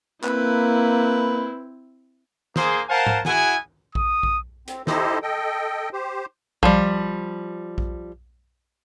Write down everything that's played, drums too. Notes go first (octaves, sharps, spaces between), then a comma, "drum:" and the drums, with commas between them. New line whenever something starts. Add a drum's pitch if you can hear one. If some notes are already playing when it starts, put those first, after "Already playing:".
A#3 C4 E4 B4, drum: clap
A#3 G#4 C5, drum: snare
A#4 C5 F5 F#5 G#5 A5
drum: tom G#2
E4 F#4 G#4 F#5 G#5, drum: snare
D#6, drum: kick A#1
drum: kick A#1
C4, drum: hi-hat
D#4 E4 G4 A4 C5 D#5, drum: snare
A4 D#5 G5
G4 C5
F3 G3, drum: kick A#1
drum: kick A#1